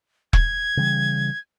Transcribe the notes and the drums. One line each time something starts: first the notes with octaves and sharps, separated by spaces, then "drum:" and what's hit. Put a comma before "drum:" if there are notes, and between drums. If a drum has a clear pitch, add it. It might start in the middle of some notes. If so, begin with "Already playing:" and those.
G#6, drum: kick E1
C#3 E3 G3